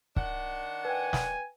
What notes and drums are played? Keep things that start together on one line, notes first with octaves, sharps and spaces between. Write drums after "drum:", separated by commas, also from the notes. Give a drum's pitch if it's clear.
D#3 D4 F#5, drum: kick
B4 G5 G#5
drum: snare